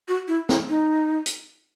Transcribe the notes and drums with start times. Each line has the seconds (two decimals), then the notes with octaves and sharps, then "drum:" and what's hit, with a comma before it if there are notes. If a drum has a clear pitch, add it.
0.08 F#4
0.28 E4
0.49 E4, drum: snare
0.69 D#4
1.26 drum: hi-hat